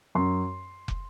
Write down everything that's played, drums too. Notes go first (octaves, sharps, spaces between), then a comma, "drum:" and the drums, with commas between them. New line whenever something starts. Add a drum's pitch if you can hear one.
F#2 C6
drum: kick